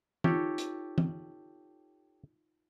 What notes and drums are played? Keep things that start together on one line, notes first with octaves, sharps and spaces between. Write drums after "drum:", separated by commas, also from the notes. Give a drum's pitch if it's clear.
D#4 F4 G4 A4 C#5, drum: tom E3
drum: hi-hat
drum: tom E3